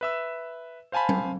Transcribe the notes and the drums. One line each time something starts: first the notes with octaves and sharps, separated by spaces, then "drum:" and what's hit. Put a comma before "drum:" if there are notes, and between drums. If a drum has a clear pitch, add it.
B4 E5 E6
C5 F5 G#5 A5 B5
drum: tom F#3